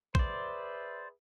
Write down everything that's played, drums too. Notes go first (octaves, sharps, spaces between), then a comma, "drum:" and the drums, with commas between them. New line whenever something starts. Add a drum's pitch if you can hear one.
G#4 B4 C5 D5 E5, drum: kick